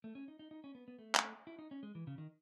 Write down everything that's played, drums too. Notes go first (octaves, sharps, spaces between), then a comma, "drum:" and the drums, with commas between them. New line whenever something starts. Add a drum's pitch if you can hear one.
A3
C#4
D#4
D#4
D#4
C#4
B3
B3
A3
drum: clap
E4
D#4
C#4
G#3
E3
C#3
D#3